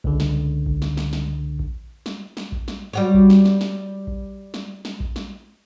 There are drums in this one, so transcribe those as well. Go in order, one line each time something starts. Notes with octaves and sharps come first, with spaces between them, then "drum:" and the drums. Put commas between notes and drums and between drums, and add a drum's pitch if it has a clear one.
C#2 D3, drum: kick A#1
drum: snare
drum: kick A#1
drum: snare
drum: snare
drum: snare
drum: kick A#1
drum: snare
drum: snare
drum: kick A#1
drum: snare
G3 F#4 C#5
drum: kick A#1
drum: snare
drum: snare
drum: snare
drum: kick A#1
drum: snare
drum: snare
drum: kick A#1
drum: snare